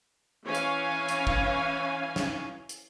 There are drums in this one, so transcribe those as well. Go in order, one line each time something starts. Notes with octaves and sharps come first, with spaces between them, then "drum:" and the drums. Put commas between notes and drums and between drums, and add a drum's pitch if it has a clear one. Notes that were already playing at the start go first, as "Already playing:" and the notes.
E3 C#4 C#5 F5 G#5
drum: hi-hat
drum: hi-hat
drum: kick
drum: snare
drum: hi-hat